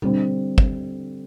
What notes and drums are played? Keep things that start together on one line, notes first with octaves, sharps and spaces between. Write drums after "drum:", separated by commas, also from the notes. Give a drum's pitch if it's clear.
D3 G3 C4, drum: tom B2
drum: kick